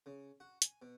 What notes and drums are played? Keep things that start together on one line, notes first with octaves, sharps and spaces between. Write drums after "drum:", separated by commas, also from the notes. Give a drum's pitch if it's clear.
C#3
F#4
G#5, drum: hi-hat
B2